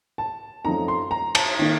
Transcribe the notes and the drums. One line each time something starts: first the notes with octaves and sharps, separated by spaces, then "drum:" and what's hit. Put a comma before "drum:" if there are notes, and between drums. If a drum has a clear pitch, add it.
A5
F#2 F3 A3 C4 D#4 A#5
C6
A#5
A5, drum: cymbal
D#3 A#3 D#4